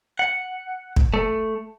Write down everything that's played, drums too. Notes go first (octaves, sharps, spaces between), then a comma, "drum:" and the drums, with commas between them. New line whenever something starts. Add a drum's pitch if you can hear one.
F#5
drum: kick
A3